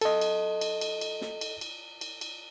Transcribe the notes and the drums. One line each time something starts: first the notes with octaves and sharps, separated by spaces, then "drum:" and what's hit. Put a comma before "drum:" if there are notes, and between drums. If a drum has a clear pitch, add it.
A4 D#5, drum: cymbal
drum: cymbal
drum: cymbal
drum: cymbal
drum: cymbal
drum: snare
drum: cymbal
drum: cymbal
drum: cymbal
drum: cymbal